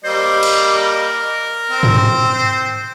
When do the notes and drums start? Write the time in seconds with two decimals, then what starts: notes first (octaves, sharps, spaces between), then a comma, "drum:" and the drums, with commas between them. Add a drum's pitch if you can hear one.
0.04 G3 A#3 C5 D#5
0.43 drum: cymbal
0.74 A#4
1.71 C4
1.83 drum: tom
2.35 C5